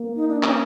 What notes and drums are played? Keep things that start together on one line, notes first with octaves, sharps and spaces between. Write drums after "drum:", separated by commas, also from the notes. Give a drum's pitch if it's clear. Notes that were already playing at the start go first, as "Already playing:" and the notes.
Already playing: A#3
D#4
D4
C#4, drum: clap